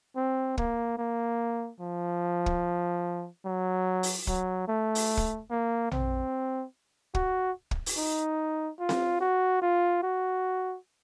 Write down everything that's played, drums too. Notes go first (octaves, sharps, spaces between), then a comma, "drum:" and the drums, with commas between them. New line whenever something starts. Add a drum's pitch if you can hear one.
C4
A#3, drum: kick
A#3
F3
drum: kick
F#3
drum: open hi-hat
F#3, drum: kick
A3
drum: open hi-hat
drum: kick
A#3
C4, drum: tom A#1
F#4, drum: kick
drum: kick
drum: open hi-hat
D#4
F4
drum: snare C4
F#4
F4
F#4